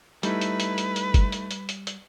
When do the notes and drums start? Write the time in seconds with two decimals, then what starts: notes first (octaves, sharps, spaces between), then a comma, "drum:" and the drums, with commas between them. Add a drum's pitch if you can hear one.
0.23 G3 A3 D#4 E4 B4, drum: hi-hat
0.41 drum: hi-hat
0.60 drum: hi-hat
0.78 drum: hi-hat
0.96 drum: hi-hat
1.14 drum: kick G1, hi-hat
1.32 drum: hi-hat
1.51 drum: hi-hat
1.69 drum: hi-hat
1.87 drum: hi-hat